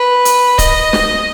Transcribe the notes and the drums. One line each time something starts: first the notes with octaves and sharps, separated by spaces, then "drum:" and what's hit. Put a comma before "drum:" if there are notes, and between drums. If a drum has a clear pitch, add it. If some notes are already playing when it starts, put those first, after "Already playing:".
Already playing: B4
drum: hi-hat
D#5, drum: kick C#1, hi-hat
drum: snare